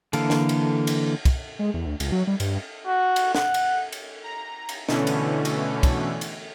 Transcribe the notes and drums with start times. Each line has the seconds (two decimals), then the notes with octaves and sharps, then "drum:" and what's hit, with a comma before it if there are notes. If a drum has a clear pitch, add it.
0.13 D3 E3 A#3 A4 F5, drum: cymbal
0.30 drum: snare
0.49 drum: cymbal
0.87 drum: cymbal
1.25 drum: kick, cymbal
1.59 G#3
1.74 E2
1.86 D2
2.00 C#2, drum: cymbal
2.12 F#3
2.27 G3
2.40 G2, drum: cymbal
2.87 F#4
3.16 drum: cymbal
3.35 F#5, drum: snare
3.54 drum: cymbal
3.92 drum: cymbal
4.23 A#5
4.69 drum: cymbal
4.89 B2 D3 E3 A3 C#4, drum: snare
5.07 drum: cymbal
5.45 drum: cymbal
5.83 drum: kick, cymbal
6.21 drum: cymbal